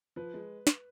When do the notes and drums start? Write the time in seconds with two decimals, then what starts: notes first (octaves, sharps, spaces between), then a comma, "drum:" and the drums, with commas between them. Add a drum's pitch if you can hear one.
0.16 F3 B4
0.34 G#3
0.67 drum: snare